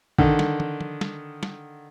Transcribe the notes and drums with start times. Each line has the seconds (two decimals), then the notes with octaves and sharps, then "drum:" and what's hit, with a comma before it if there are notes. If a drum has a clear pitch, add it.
0.18 D3 D#3, drum: kick A#1
0.39 drum: snare
0.60 drum: tom
0.81 drum: tom
1.01 drum: snare
1.43 drum: snare